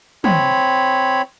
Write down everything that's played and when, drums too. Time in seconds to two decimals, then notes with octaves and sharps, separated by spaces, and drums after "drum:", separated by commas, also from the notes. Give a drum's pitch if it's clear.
0.24 C4 C#5 B5, drum: tom